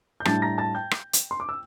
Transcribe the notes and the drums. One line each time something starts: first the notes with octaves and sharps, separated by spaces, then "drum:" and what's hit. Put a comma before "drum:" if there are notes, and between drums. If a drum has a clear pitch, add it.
G6
A2 G3 D4 A5 A6, drum: rim click
A#5 A#6
A5 A6
G5 G6
drum: rim click
drum: hi-hat
C6
D6
E6